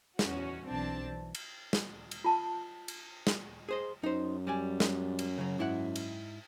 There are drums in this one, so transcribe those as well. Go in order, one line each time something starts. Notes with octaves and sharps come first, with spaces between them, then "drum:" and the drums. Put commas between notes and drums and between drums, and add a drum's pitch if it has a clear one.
E2 C#4 F#4, drum: snare
B1 G2 E3 C4 D4 A5
E3
drum: cymbal
drum: snare
drum: cymbal
F4 A5
drum: cymbal
drum: snare
G#4 C5 D#5
F#2 D#4 C5
G3 D5 G#5
drum: snare
drum: cymbal
C#3 F#3
G#2 E4 F#5
drum: cymbal